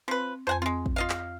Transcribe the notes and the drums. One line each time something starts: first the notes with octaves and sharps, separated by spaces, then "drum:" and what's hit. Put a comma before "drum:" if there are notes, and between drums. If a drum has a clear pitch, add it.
F3 C4 B4
F2 C5 F#5 G#5 G6
G#3 C4 F4
drum: kick
F4 D#5 F5
drum: clap